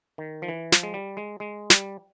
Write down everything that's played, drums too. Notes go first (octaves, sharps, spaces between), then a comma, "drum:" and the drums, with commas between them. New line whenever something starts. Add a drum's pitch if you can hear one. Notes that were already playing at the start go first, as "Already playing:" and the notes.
D#3
F3
E3
F3, drum: snare
G#3
G3
G#3
G#3
G3, drum: snare